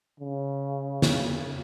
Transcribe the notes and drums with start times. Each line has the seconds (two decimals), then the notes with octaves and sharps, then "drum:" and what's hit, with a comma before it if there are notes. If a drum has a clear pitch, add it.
0.20 C#3
1.02 drum: snare